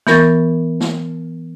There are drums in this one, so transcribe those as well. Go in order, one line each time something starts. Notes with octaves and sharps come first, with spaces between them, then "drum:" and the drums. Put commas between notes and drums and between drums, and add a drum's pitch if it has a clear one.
E3 B3 A#4 C#6 G6 A6, drum: snare
drum: snare